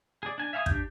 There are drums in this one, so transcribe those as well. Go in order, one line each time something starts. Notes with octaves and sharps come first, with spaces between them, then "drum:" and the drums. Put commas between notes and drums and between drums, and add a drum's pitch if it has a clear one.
G#4 D5
D4 G#5
E5 F5 G#5 C6 D#6
D4 G4 G6, drum: kick